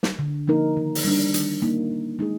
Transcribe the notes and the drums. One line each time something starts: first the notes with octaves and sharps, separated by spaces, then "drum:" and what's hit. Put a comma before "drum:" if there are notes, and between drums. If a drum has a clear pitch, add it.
drum: snare
D3
F3 A#3 D#4 A#4
D#3
drum: open hi-hat
G3 D4
D#3, drum: hi-hat
A#3 D#4
D#3
G#3 D#4 G#4